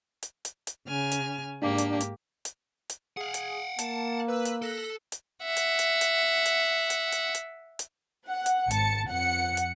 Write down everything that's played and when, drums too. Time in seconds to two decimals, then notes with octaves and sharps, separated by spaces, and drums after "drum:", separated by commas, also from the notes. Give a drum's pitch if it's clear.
0.23 drum: hi-hat
0.45 drum: hi-hat
0.67 drum: hi-hat
0.88 C#3 G#5 F6
1.12 drum: hi-hat
1.62 G#2 A#3 D4 G4
1.78 drum: hi-hat
2.01 drum: hi-hat
2.45 drum: hi-hat
2.90 drum: hi-hat
3.17 G#4 F5 F#5
3.34 drum: hi-hat
3.79 A#3 A5, drum: hi-hat
4.28 B4 E6 F#6
4.45 drum: hi-hat
4.62 A4 F#6 A#6 B6
5.12 drum: hi-hat
5.44 E5 F#5
5.57 drum: hi-hat
5.79 drum: hi-hat
6.01 drum: hi-hat
6.46 drum: hi-hat
6.90 drum: hi-hat
7.12 drum: hi-hat
7.35 drum: hi-hat
7.79 drum: hi-hat
8.29 F#5
8.46 drum: hi-hat
8.71 G#1 A5 C#7, drum: hi-hat
9.09 F2 F#5 C#7
9.57 drum: hi-hat